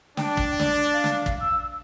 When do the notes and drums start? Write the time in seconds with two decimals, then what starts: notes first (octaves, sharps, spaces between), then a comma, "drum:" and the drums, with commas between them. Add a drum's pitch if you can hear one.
0.17 D4 G5, drum: snare
0.37 drum: kick
0.59 D5, drum: snare
0.93 F5
1.04 drum: snare
1.26 drum: kick
1.40 E6